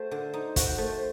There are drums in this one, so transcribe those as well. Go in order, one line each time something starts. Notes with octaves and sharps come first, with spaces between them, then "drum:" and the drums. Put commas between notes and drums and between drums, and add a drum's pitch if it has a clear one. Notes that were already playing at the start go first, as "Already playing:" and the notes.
Already playing: A3 F#4 C5
D3
D#4
F#4, drum: kick, hi-hat
A3